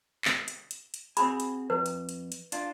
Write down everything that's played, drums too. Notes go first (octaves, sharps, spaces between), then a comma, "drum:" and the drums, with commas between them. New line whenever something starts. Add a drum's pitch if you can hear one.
drum: clap
drum: hi-hat
drum: hi-hat
drum: hi-hat
C4 F#4 G#4 B5, drum: hi-hat
drum: hi-hat
F2 B4
drum: hi-hat
drum: hi-hat
drum: hi-hat
D4 F4, drum: hi-hat